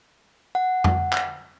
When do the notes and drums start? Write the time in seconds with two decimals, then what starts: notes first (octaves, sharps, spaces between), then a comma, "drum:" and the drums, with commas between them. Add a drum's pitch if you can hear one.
0.55 F#5
0.84 drum: tom F2
1.13 drum: clap